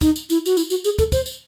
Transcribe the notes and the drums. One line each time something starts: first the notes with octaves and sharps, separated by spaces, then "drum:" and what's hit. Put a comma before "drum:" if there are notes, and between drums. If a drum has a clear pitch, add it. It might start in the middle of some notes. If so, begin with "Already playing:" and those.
D#4, drum: kick, tambourine
drum: tambourine
E4, drum: tambourine
F#4, drum: tambourine
E4, drum: tambourine
F#4, drum: tambourine
G#4, drum: tambourine
A4, drum: kick, tambourine
C5, drum: kick, tambourine
drum: tambourine